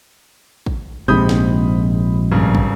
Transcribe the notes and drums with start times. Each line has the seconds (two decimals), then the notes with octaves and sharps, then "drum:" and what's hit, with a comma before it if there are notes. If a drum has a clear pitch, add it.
0.66 drum: kick
1.08 A#1 G#2 C3 B5 D#6 G6
1.29 drum: snare
2.32 G#1 G2 C#3
2.55 drum: kick